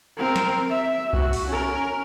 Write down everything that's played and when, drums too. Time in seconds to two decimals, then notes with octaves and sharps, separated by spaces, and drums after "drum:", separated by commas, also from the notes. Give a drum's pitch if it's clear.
0.17 C4 A#4
0.36 drum: snare
0.70 E5
1.13 F#4, drum: kick B1
1.33 drum: open hi-hat
1.48 C#4 A#4